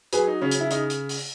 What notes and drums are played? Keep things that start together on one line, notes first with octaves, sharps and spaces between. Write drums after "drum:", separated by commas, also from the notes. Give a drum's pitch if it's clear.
F#3 G#4 B4, drum: hi-hat
D#4
C#3 C#4
drum: hi-hat
E4
C#3 D#4, drum: hi-hat
drum: hi-hat
drum: open hi-hat